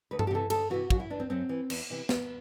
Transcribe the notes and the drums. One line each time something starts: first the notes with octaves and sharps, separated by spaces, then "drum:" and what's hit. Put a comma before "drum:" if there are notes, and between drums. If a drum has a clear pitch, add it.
D2 B4
A4, drum: tom G2
G4
C3 E3 A4
D2 A4, drum: cymbal
C3 E3 F#4
F#2 F#4, drum: kick
E4
E3 D4
C4
F#2 C4
E3
E2, drum: cymbal
C3 E3
E2 B3, drum: snare